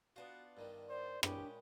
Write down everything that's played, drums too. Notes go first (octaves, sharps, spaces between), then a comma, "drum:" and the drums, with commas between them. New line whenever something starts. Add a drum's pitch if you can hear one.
B3 D4 F4 F#4
G2 D#3 G3
C5 D5
A#2 G#3 C#4 D4 G4 B4 G5, drum: rim click